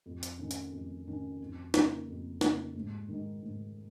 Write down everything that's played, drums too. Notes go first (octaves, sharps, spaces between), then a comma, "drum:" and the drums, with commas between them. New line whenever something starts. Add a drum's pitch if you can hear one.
F2
drum: hi-hat
D#3 C#4
drum: hi-hat
F2
D#3 C#4
F2
C#3 A#3, drum: snare
F2
C#3 A#3, drum: snare
G#2
D#3 G#3 D#4
G#2